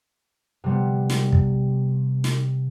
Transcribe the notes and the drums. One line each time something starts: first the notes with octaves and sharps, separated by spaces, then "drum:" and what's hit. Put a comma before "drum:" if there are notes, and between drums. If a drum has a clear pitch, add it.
C3 G3 B3
drum: snare
drum: kick
drum: snare